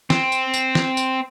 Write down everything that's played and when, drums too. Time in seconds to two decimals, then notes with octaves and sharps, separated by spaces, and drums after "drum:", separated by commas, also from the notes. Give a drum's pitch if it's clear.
0.10 C4, drum: snare
0.32 drum: tambourine
0.54 drum: tambourine
0.75 drum: snare
0.97 drum: tambourine